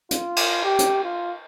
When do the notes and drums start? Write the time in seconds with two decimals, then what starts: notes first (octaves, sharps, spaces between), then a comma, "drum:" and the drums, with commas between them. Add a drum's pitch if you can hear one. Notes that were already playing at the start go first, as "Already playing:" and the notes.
0.11 F4, drum: hi-hat
0.36 drum: cymbal
0.64 G4
0.79 drum: hi-hat
1.04 F4